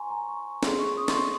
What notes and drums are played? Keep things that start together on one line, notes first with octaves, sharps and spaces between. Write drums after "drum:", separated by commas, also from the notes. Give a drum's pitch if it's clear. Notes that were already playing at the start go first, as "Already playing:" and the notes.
Already playing: F4 C5 G#5 A#5 C6 C#6
A#5
C#6
F4 G#4 C#5 C6, drum: snare
C#6
D#6
C6, drum: snare
C#6